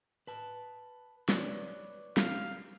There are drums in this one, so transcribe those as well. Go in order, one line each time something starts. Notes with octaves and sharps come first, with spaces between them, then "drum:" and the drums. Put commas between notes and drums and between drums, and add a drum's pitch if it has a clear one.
B4 A5
B4 C#5 D5, drum: snare
F5, drum: snare